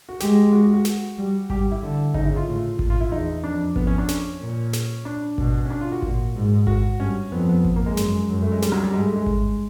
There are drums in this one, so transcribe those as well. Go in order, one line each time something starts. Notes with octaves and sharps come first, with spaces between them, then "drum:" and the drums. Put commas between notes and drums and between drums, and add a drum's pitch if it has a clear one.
F#4
G#3 G4, drum: snare
F#4
F#4
F#4
drum: snare
G3
G3 G4, drum: kick G#1
E4
D3
C#3 D#4, drum: kick G#1
E4
F4
A2
A#2, drum: kick G#1
F4
E4
E2 D#4
F2 D4
F2 B3, drum: kick G#1
C#4
D4
C#4, drum: snare
A#2
drum: snare
D4
B2, drum: kick G#1
C#4
D4
F4
F#4
A#2, drum: kick G#1
G#2
F#4, drum: kick G#1
G2 C#4
F2 B3
B3
drum: kick G#1
A#3
G#3
F#2, drum: snare
F#2
A3
G#3
G3, drum: snare
F#3
G3
G2 G#3
A3
G#3
drum: kick G#1